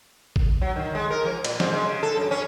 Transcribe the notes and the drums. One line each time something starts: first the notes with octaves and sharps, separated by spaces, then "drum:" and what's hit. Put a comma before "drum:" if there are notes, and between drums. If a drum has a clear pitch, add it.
drum: kick G#1
F#3
D#3
G#3
A#4
F3
A#2, drum: cymbal
G#2, drum: snare
G#3
C#3
A4
F#2
C#4